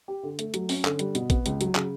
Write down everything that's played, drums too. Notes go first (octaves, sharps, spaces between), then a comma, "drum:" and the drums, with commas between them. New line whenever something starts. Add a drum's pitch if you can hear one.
G4
D3
A3, drum: hi-hat
F#3, drum: hi-hat
C#4, drum: open hi-hat
D3, drum: clap
G3, drum: hi-hat
B2, drum: hi-hat
B3, drum: kick, hi-hat
C#2, drum: hi-hat
F#3, drum: hi-hat
C#3, drum: clap